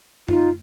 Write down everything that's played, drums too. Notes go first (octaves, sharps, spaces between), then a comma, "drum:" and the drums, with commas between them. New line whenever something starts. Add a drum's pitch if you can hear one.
D#4 F4, drum: tom F#2